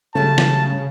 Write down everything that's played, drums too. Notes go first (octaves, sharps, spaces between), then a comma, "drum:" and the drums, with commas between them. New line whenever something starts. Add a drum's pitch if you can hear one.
G2 C#3 F#3 A3 A5
drum: snare